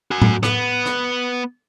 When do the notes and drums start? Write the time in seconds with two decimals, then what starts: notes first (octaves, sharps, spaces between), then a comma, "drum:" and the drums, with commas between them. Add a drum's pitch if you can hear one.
0.11 F#4 G#5
0.22 drum: tom A2
0.43 B3, drum: rim click
0.86 drum: rim click